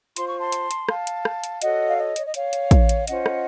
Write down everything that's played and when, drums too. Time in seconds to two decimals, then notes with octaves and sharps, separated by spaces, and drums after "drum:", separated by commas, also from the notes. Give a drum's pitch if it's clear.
0.16 F4 C5 C6, drum: hi-hat
0.28 C#6
0.39 A5 C6
0.52 drum: hi-hat
0.71 drum: hi-hat
0.89 F5 A5, drum: rim click
1.07 drum: hi-hat
1.25 drum: rim click
1.44 drum: hi-hat
1.62 F#4 A4 C#5 D#5 F#5, drum: hi-hat
1.88 F5
1.98 D#5
2.16 C#5, drum: hi-hat
2.26 D#5
2.34 C#5 F5, drum: hi-hat
2.53 drum: hi-hat
2.71 drum: kick, hi-hat
2.89 drum: hi-hat
3.07 C#4 F4 C5 D#5 F#5, drum: hi-hat
3.26 drum: rim click